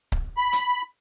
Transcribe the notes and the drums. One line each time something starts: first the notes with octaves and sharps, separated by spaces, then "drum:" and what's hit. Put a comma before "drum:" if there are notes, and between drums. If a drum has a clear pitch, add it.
drum: kick C#1
B5
drum: hi-hat